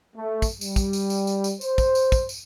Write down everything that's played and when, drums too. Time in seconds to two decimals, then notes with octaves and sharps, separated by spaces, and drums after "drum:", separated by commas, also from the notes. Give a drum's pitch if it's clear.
0.16 A3
0.42 drum: kick, tambourine
0.61 G3, drum: tambourine
0.76 drum: kick, tambourine
0.93 drum: tambourine
1.10 drum: tambourine
1.27 drum: tambourine
1.44 drum: tambourine
1.61 C5, drum: tambourine
1.78 drum: kick, tambourine
1.95 drum: tambourine
2.12 drum: kick, tambourine
2.29 drum: tambourine